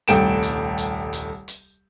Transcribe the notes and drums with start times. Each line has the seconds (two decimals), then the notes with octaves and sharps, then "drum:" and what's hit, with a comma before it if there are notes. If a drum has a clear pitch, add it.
0.08 D#1 C2 A3 G5 D7 E7, drum: hi-hat
0.43 drum: hi-hat
0.78 drum: hi-hat
1.13 drum: hi-hat
1.48 drum: hi-hat